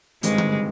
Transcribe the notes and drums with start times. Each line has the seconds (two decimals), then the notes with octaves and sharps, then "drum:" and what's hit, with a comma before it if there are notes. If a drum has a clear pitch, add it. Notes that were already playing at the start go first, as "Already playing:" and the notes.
0.23 G#1 G2 D#3 G3 G#3 C4, drum: hi-hat
0.38 drum: tom D3